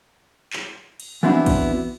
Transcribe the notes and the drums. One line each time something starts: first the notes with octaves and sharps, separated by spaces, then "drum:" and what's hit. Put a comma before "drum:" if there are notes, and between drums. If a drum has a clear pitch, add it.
drum: clap
drum: cymbal
E3 B3 C4 D4 E4 F#4
drum: kick, cymbal